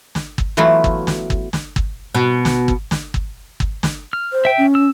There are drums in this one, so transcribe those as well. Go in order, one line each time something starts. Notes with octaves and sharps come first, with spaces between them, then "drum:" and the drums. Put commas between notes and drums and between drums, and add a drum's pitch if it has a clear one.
drum: snare
drum: kick G1
E3 F#3 A3 B3 E4 F4
drum: kick G1
drum: snare
drum: kick G1
drum: snare
drum: kick G1
B2
drum: snare
drum: kick G1
drum: snare
drum: kick G1
drum: kick G1
drum: snare
F6
C5
E5 G5
C#4
E6